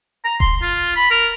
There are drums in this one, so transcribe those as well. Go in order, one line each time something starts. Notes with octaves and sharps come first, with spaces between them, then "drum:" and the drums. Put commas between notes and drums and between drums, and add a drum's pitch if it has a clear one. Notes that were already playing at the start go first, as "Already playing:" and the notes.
A#5
C6, drum: kick D#1
F4
B5
A#4